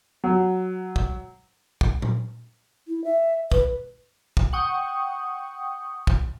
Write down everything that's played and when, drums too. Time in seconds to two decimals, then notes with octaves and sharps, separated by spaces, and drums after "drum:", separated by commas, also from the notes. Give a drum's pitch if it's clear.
0.24 F#3
0.96 drum: kick
1.81 drum: kick
2.02 drum: tom
2.88 E4
3.04 E5
3.52 B4, drum: kick
4.37 drum: kick
4.53 F#5 G5 C#6 D#6
6.07 drum: kick